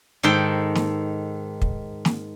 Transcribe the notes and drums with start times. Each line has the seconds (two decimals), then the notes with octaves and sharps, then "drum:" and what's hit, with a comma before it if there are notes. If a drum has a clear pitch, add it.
0.23 G#2 D#3 A4 G5
0.75 drum: snare
1.62 drum: kick
2.05 drum: snare